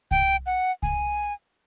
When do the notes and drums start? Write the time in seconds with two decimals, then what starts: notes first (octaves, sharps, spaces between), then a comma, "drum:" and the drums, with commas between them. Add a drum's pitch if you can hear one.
0.11 G5, drum: kick C2
0.46 F#5
0.83 G#5, drum: kick C2